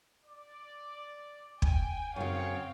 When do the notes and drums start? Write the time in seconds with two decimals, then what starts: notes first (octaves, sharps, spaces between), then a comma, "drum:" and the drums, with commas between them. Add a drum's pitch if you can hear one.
0.25 D5
1.62 G5 G#5, drum: kick
2.16 F#2 C#3 C4 C#5 F5 G5